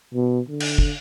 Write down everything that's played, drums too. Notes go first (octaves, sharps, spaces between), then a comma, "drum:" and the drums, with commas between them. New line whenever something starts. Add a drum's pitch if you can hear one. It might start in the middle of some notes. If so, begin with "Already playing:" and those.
B2
D3
drum: cymbal
drum: kick